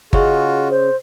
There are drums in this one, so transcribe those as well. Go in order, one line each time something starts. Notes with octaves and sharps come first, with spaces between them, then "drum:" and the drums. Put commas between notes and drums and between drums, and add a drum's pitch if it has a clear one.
C#3 C#4 F4 F#4 G#4 D#5, drum: kick G1
C5